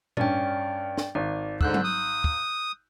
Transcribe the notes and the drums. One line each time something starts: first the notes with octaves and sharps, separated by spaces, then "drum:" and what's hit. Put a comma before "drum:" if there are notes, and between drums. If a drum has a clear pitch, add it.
G2 C#4 D5 G5, drum: tom A2
drum: snare
G#1 D5
G#2 D3 E6 F#6 G6, drum: kick
drum: tom F#3
D#6
drum: kick